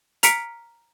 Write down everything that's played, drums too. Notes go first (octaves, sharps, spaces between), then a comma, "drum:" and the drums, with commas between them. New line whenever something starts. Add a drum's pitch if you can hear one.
A#5 F6 B6 C#7 D7, drum: hi-hat